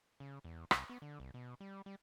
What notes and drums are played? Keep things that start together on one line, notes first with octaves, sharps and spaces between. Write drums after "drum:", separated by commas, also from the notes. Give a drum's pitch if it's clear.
C#3
E2
C2, drum: rim click
B3
D3
C2
B2
G3
G3